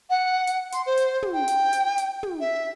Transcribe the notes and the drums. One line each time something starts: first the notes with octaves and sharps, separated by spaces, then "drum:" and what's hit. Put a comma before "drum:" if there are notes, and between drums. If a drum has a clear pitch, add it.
F#5
drum: hi-hat
C6, drum: hi-hat
C5
drum: hi-hat
drum: tom
G5
drum: hi-hat
drum: hi-hat
drum: hi-hat
drum: tom
E5